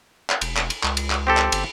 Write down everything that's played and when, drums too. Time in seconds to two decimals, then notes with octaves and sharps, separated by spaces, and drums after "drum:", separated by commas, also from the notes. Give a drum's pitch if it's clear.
0.30 drum: clap
0.41 E1, drum: cymbal
0.57 drum: clap
0.70 drum: cymbal
0.84 C#2, drum: clap
0.97 drum: cymbal
1.10 drum: clap
1.27 C4 G4 A4
1.37 drum: clap
1.52 G1, drum: cymbal